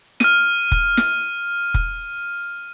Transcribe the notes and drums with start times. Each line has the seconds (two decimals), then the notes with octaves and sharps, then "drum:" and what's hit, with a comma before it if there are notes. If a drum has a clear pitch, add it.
0.20 F6 D#7, drum: snare
0.72 drum: kick
0.97 drum: snare
1.74 drum: kick